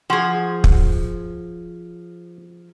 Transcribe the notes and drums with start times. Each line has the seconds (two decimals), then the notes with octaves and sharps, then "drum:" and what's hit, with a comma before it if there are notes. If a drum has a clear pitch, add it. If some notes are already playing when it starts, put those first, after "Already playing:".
0.10 F3 F#4 G#4
0.64 drum: kick